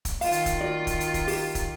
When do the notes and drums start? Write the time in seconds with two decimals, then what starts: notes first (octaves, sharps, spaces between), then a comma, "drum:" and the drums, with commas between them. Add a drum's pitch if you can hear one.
0.05 drum: kick, hi-hat
0.21 D#3 F4 F5, drum: open hi-hat
0.32 drum: hi-hat
0.46 drum: kick, hi-hat
0.61 F#4 D5
0.87 drum: kick, hi-hat
1.00 drum: hi-hat
1.14 drum: kick, hi-hat
1.28 G4, drum: open hi-hat
1.55 drum: kick, hi-hat